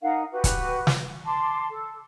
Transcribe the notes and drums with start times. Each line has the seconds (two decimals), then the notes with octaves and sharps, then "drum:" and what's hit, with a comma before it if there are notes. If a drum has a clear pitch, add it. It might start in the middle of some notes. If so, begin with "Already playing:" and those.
0.01 D#4 A#4 F5 F#5
0.31 F#4 G4 B4
0.44 drum: kick, hi-hat
0.87 drum: snare
1.25 A5 C6 D6
1.69 A4